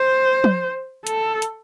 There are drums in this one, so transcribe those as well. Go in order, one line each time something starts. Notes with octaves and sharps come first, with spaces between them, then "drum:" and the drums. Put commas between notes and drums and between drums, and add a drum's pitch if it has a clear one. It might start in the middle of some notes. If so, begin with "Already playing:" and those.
Already playing: C5
drum: tom F3
A4, drum: hi-hat
drum: hi-hat